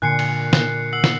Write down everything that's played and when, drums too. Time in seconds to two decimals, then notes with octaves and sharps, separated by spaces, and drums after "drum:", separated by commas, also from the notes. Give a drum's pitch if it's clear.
0.02 A#2 D3 G#5 F#6 C7 C#7
0.19 drum: cymbal
0.53 drum: snare
0.93 F#5 E6 C7 F#7
1.04 drum: snare